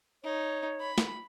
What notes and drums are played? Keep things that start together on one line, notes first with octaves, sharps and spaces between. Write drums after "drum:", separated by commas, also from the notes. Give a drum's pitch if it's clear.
D#4 C#5
B5
drum: snare